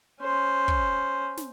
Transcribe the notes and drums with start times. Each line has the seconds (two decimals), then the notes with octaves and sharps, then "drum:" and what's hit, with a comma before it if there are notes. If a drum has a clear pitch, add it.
0.21 C#4 C5
0.68 drum: kick
1.37 drum: snare